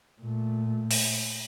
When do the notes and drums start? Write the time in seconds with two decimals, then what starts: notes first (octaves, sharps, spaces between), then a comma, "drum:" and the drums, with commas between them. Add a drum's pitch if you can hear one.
0.21 A#2 A3
0.91 drum: open hi-hat